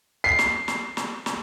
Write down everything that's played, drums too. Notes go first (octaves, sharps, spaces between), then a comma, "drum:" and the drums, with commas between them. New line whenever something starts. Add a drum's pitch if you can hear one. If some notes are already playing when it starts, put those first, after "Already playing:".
C7
drum: snare
drum: snare
drum: snare
drum: snare